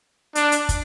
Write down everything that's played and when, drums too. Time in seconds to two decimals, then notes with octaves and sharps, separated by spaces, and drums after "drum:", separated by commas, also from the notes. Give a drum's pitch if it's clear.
0.35 D4, drum: hi-hat
0.52 drum: hi-hat
0.69 drum: kick, hi-hat